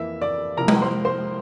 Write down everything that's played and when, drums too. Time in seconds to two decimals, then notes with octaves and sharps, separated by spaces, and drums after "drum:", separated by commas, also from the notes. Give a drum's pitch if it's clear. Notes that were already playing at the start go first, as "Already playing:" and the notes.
Already playing: F2 E3 A#3 E5
0.22 D5 D6
0.57 C3 F3 A#3 E4 A#4 A#5
0.68 drum: tom G#3
0.82 C5 C6
1.05 C5 C6